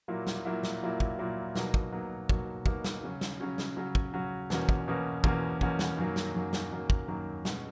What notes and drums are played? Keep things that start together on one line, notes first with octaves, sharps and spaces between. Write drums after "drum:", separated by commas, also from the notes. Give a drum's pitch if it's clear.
A#2 F#3 A#3 E4
drum: snare
A#2 F#3 A#3 E4
drum: snare
A#2 F#3 A#3 E4
drum: kick
A#2 F#3 A#3 E4
B2 F#3 A#3 D#4 F#4, drum: snare
drum: kick
B2 F#3 A#3 D#4 F#4
B2 F#3 A#3 D#4 F#4, drum: kick
B2 F#3 A#3 D#4 F#4, drum: kick
drum: snare
C#3 F#3 C#4 F#4
drum: snare
C#3 F#3 C#4 F#4
drum: snare
C#3 F#3 C#4 F#4
drum: kick
C#3 F#3 C#4 F#4
E2 B2 A#3 C#4 F#4, drum: snare
drum: kick
E2 B2 A#3 C#4 F#4
E2 B2 A#3 C#4 F#4, drum: kick
E2 B2 A#3 C#4 F#4, drum: kick
drum: snare
F#2 D#3 F#3 A#3
drum: snare
F#2 D#3 F#3 A#3
drum: snare
F#2 D#3 F#3 A#3
drum: kick
F#2 D#3 F#3 A#3
B2 G#3 C#4 F#4, drum: snare